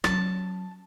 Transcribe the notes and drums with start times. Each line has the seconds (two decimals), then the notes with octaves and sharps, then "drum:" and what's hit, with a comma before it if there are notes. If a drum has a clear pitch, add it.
0.04 F#3 C#4 A5, drum: rim click